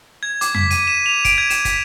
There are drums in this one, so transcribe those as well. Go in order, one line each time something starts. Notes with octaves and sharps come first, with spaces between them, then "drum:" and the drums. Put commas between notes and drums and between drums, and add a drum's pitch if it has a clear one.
G#6
D6, drum: hi-hat
B6, drum: tom F2
D#7, drum: hi-hat
E7
F7
D7, drum: kick, hi-hat
G#6
E7, drum: hi-hat
B6, drum: kick, hi-hat